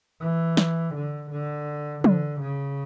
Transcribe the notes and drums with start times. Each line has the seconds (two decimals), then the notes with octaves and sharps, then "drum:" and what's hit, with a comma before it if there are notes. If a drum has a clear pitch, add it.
0.21 E3
0.57 drum: snare
0.94 D3
1.31 D3
2.04 D3, drum: tom
2.41 C#3